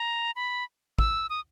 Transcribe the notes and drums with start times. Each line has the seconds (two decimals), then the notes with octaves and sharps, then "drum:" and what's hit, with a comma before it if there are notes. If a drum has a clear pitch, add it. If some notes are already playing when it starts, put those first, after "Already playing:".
Already playing: A#5
0.36 B5
0.99 E6, drum: kick
1.30 D#6